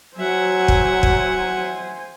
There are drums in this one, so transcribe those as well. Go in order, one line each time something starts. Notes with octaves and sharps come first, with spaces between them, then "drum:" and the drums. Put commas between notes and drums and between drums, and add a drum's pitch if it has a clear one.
F#3 C5 E5 F#5 G#5
drum: kick
drum: kick